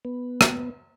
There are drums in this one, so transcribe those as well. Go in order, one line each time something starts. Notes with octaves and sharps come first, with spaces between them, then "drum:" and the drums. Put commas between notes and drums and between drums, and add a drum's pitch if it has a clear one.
B3
drum: rim click